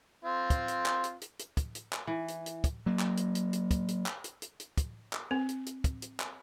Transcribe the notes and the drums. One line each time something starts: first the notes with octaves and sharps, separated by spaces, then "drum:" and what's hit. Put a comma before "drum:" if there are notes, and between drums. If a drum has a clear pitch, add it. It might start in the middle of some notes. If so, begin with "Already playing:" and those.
C4 F4
drum: kick, hi-hat
drum: hi-hat
drum: clap
drum: hi-hat
drum: hi-hat
drum: hi-hat
drum: kick, hi-hat
drum: hi-hat
drum: clap
E3
drum: hi-hat
drum: hi-hat
drum: kick, hi-hat
F#3 A#3
drum: clap
drum: hi-hat
drum: hi-hat
drum: hi-hat
drum: kick, hi-hat
drum: hi-hat
drum: clap
drum: hi-hat
drum: hi-hat
drum: hi-hat
drum: kick, hi-hat
drum: clap
C4
drum: hi-hat
drum: hi-hat
drum: kick, hi-hat
drum: hi-hat
drum: clap